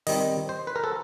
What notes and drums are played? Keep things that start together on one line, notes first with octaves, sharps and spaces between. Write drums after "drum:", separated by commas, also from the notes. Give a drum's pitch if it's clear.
D#3 G3 C4 D#5, drum: open hi-hat
C5
B4
A#4
A4